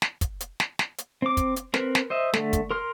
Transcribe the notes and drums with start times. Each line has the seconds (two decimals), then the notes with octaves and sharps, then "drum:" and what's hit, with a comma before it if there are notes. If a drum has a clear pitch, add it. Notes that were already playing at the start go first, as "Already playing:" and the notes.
0.02 drum: snare
0.21 drum: kick, hi-hat
0.40 drum: hi-hat
0.60 drum: snare
0.79 drum: snare
0.98 drum: hi-hat
1.22 C4 D6
1.37 drum: kick, hi-hat
1.56 drum: hi-hat
1.74 C4 A#4 B4, drum: snare
1.95 drum: snare
2.10 C5 D#5 E5
2.33 D3 A3, drum: snare
2.53 drum: kick, hi-hat
2.71 A#4 C6 F6